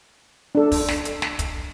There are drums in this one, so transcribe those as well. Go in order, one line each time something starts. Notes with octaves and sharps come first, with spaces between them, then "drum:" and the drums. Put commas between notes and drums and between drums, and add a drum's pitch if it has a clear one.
D4 A4
drum: kick, open hi-hat
drum: snare
drum: hi-hat
drum: snare
drum: kick, hi-hat